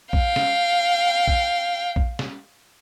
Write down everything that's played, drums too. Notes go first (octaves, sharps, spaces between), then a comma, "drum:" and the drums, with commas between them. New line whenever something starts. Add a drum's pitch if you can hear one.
F5 G5, drum: kick A#1
drum: snare
drum: kick A#1
drum: kick A#1
drum: snare